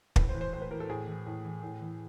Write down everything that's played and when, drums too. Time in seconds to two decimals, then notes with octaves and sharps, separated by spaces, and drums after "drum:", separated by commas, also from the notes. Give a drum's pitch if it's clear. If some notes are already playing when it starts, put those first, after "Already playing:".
0.16 A2 B4, drum: kick
0.29 C5
0.35 E3
0.41 C5
0.53 A2 C5
0.62 B4
0.71 E3 A#4
0.80 A4
0.89 A2 G#4
1.07 E3
1.26 A2
1.45 E3
1.63 A2
1.81 E3